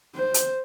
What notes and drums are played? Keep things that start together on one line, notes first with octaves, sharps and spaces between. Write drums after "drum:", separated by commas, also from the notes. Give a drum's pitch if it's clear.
C5
drum: hi-hat